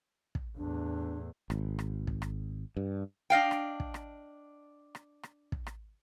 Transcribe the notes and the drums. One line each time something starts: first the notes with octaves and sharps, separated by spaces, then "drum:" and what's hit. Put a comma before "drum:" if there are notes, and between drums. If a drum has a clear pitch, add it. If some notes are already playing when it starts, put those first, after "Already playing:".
drum: kick
E2 A2 D4
G#1, drum: rim click
drum: rim click
drum: kick
drum: rim click
G2
D4 D#5 F5 G5
drum: rim click
drum: kick
drum: rim click
drum: rim click
drum: rim click
drum: kick
drum: rim click